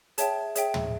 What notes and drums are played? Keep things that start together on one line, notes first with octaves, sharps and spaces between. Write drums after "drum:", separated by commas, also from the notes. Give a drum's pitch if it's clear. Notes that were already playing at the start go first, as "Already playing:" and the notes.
G#4 C#5 E5 G5 A5, drum: hi-hat
G#4 C#5 E5 G5, drum: hi-hat
drum: tom